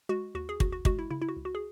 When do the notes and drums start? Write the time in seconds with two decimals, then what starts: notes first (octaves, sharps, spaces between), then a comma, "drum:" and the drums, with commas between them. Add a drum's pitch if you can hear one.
0.09 G#3 F#4
0.35 D#2 F#4
0.49 G#4
0.60 D#2 F#4, drum: kick
0.72 F#4
0.85 G#3 F#4, drum: kick
0.99 E4
1.11 C#3 E4
1.22 E4
1.28 F#4
1.36 C#2
1.45 F#4
1.55 G#4